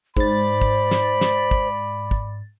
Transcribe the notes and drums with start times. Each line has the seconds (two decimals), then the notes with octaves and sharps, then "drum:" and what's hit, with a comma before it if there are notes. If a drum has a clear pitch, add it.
0.17 G#2 C5 D5 B5 A6, drum: kick
0.61 drum: kick
0.91 drum: snare
1.21 drum: snare
1.51 drum: kick
2.11 drum: kick